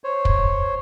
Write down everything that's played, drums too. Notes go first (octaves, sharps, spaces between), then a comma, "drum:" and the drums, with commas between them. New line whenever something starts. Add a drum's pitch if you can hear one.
C5 C#5
drum: kick